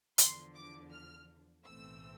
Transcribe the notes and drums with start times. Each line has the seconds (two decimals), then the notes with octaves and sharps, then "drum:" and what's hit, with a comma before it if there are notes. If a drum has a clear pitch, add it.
0.18 E2 D3 F3 C6, drum: hi-hat
0.55 D6
0.91 F6
1.64 B1 A2 E3 A3 C4 E6